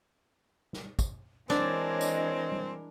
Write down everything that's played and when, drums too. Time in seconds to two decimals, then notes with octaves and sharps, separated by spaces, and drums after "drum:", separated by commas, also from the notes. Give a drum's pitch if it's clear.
0.73 drum: snare
0.99 drum: kick, tambourine
1.50 E3 G#3 C4 D4 A#4 C#5 D#5, drum: snare
2.01 drum: tambourine
2.52 drum: tom G3